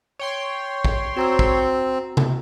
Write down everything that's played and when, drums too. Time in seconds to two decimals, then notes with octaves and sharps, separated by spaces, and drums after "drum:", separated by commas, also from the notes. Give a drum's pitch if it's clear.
0.19 C#5 G5 C6
0.85 drum: kick
1.17 C4 F#4 A#5 E6
1.39 drum: kick
2.17 drum: tom C3